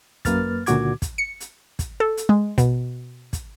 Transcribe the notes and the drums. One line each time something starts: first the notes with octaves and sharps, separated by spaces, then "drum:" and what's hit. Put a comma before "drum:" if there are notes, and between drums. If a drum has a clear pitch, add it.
F#2 A#3 B4 F6 A6, drum: kick, hi-hat
C#2 A#2 D3 F#4 D6 G#6, drum: hi-hat
drum: kick, hi-hat
C#7
drum: hi-hat
drum: kick, hi-hat
A4
drum: hi-hat
G#3
B2, drum: kick, hi-hat
drum: kick, hi-hat